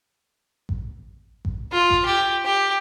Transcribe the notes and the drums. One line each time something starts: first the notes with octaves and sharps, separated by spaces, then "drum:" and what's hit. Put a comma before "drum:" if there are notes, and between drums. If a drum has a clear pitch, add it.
drum: kick A1
drum: kick A1
F4
drum: kick A1
G4
G4